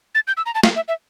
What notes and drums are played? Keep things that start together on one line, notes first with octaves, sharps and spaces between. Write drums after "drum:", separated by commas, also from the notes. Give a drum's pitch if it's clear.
A6
G6
E6
A#5
A5
F5, drum: snare
E5
E5